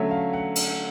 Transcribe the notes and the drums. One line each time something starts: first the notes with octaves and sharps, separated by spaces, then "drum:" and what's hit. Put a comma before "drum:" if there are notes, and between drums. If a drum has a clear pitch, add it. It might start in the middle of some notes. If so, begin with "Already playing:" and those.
Already playing: D3 F#3 A3 C#4 E5
F5
F#5
drum: cymbal